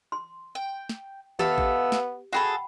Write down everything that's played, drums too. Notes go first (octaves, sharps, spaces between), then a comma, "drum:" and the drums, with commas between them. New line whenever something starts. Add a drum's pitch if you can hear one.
C6
G5
drum: snare
B3 G4 A4 E5 F5, drum: tom D#3
drum: kick A1
drum: snare
F#4 G#4 A4 F#5 G5 B5